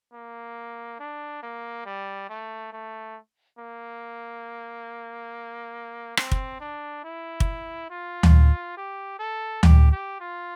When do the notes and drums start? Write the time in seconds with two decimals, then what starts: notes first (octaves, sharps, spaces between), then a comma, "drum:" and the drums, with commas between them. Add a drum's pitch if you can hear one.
0.13 A#3
1.00 D4
1.43 A#3
1.86 G3
2.29 A3
2.73 A3
3.59 A#3
6.17 C4, drum: rim click
6.31 drum: kick
6.61 D4
7.04 E4
7.40 drum: kick
7.90 F4
8.23 drum: tom D2
8.77 G4
9.19 A4
9.63 G4, drum: tom D2
9.92 G4
10.21 F4